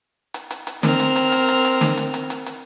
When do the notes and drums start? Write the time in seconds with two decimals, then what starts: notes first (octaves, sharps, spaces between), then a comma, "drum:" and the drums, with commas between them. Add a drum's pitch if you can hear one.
0.34 drum: hi-hat
0.51 drum: hi-hat
0.67 drum: hi-hat
0.83 C4 A#4 F6, drum: snare
1.00 drum: hi-hat
1.16 drum: hi-hat
1.32 drum: hi-hat
1.48 drum: hi-hat
1.65 drum: hi-hat
1.81 drum: snare
1.97 drum: hi-hat
2.14 drum: hi-hat
2.30 drum: hi-hat
2.46 drum: hi-hat